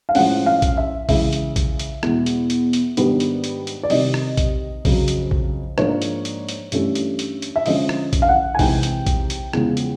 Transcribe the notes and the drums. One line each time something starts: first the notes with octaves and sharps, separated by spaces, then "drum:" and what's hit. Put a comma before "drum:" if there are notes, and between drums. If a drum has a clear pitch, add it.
F5
A2 F3 G#3 C#4 F#5, drum: open hi-hat
F5
drum: kick A#1, hi-hat
E5
C#3 E3 G#3 E5, drum: kick A#1, open hi-hat
drum: hi-hat
drum: kick A#1, hi-hat
drum: hi-hat
E2 B2 G#3, drum: rim click
drum: hi-hat
drum: hi-hat
drum: hi-hat
G#2 D#3 G3 B3 D4, drum: hi-hat
drum: hi-hat
drum: hi-hat
drum: hi-hat
D5
C3 D#3 G3 C4 D#5, drum: open hi-hat
drum: rim click
drum: kick A#1, hi-hat
F2 C#3 F#3, drum: kick A#1, open hi-hat
drum: hi-hat
drum: kick A#1
G#2 F3 A#3 D4 C#5, drum: rim click
drum: hi-hat
drum: hi-hat
drum: hi-hat
G2 E3 A3 C#4, drum: hi-hat
drum: hi-hat
drum: hi-hat
drum: hi-hat
E5
D3 F3 G#3 C#4 D#5, drum: open hi-hat
drum: rim click
drum: kick A#1, hi-hat
F5
F#5
G#5
C3 E3 G#3 C4 D#4 G5, drum: kick A#1, open hi-hat
drum: hi-hat
drum: kick A#1, hi-hat
drum: hi-hat
E2 C#3 F3 G#3, drum: rim click
drum: hi-hat